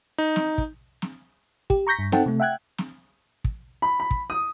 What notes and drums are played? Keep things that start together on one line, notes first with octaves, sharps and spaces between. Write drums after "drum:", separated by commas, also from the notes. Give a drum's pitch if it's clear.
D#4
drum: snare
drum: kick
drum: snare
G4, drum: kick
A#5 C#6 G6 A#6 B6
G2
C4 D#4 A4 F#5 G5 A5, drum: snare
C3 A3
E5 F#5 G5 F#6 G#6
drum: snare
drum: kick
B5
B5
drum: kick
D#6